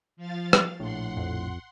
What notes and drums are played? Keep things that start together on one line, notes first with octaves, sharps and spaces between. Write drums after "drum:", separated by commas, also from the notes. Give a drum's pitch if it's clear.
F3 F5 A6
drum: rim click
A#1 A2 F#5 C6
F2